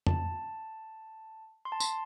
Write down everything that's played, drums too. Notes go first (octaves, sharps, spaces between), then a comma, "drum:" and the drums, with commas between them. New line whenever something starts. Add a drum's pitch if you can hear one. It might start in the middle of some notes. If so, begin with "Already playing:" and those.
A5, drum: tom
C6
A5
C6, drum: tambourine